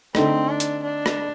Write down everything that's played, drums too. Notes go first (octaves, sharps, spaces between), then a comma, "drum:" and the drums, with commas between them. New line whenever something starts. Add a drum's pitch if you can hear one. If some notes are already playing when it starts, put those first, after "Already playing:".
D3 A3 C4 D#4, drum: rim click
D4
drum: hi-hat
D4
drum: rim click